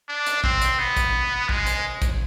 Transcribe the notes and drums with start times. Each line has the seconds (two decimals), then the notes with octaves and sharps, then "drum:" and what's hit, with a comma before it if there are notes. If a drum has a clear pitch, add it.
0.09 D4
0.27 drum: hi-hat
0.44 C4, drum: kick A1
0.62 drum: hi-hat
0.79 B3
0.97 drum: kick A1, hi-hat
1.49 G#3, drum: kick A1
1.67 drum: hi-hat
2.02 drum: kick A1, hi-hat